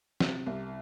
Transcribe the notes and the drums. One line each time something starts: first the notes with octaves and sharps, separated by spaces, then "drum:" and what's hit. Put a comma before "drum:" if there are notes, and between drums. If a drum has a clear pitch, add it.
C3, drum: snare
C2